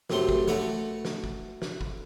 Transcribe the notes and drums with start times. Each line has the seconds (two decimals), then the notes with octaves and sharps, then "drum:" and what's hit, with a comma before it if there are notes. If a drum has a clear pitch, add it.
0.10 F#2 A2 C3 A3 C6, drum: snare
0.29 drum: kick
0.48 A3 F#4 B4 C#5, drum: snare
1.05 drum: snare
1.24 drum: kick
1.62 drum: snare
1.81 drum: kick